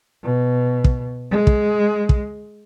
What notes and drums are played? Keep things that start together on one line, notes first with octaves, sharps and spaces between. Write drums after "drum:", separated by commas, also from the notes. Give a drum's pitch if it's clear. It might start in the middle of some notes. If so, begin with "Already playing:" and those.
B2
drum: kick
G#3
drum: kick
drum: kick